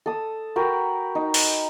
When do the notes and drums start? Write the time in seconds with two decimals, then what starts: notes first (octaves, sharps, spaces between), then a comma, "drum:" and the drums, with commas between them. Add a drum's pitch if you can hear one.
0.06 A4 D#6
0.56 F#4 A#4 B4 G5
1.15 D#4
1.34 drum: open hi-hat